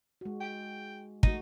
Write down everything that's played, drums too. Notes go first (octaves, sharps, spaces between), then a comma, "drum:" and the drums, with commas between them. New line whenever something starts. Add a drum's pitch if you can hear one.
G#3 F#4
G5
A3 D#4 F#4, drum: kick